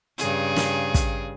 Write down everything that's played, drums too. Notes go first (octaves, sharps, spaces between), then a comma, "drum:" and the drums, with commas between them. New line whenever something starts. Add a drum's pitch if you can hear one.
G2 C#3 G#4, drum: hi-hat
drum: snare
drum: kick, hi-hat